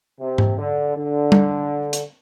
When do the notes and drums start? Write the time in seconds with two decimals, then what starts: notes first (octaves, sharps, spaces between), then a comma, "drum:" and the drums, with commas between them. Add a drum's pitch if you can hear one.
0.19 C3
0.38 drum: tom G#2
0.58 D3
0.97 D3
1.32 drum: tom G3
1.93 drum: hi-hat